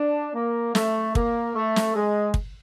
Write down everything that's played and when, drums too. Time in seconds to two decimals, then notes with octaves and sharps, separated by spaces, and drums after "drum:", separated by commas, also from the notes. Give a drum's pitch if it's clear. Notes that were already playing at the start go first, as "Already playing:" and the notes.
Already playing: D4
0.34 A#3
0.75 A3, drum: snare
1.15 A#3, drum: kick
1.55 A3
1.76 drum: snare
1.95 G#3
2.34 drum: kick